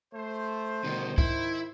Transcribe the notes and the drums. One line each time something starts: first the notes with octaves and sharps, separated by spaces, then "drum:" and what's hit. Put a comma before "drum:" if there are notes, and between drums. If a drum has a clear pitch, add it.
A3 C5
D2 B2 D#3
D#3 E4, drum: kick